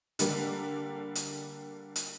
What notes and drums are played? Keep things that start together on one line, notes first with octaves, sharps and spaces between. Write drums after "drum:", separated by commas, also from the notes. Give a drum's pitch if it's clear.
D3 G3 A#3, drum: hi-hat
drum: hi-hat
drum: hi-hat